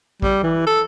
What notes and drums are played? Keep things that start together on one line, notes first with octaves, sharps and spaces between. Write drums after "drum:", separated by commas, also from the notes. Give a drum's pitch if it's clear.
G3, drum: kick
E3
A4